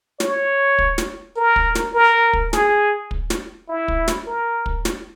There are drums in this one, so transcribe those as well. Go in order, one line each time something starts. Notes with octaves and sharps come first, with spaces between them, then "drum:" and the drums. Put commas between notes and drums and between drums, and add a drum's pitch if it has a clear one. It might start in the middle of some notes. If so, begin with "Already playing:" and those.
C#5, drum: snare
drum: kick
drum: snare
A#4
drum: kick
drum: snare
A#4
drum: kick
G#4, drum: snare
drum: kick
drum: snare
E4
drum: kick
drum: snare
A#4
drum: kick
drum: snare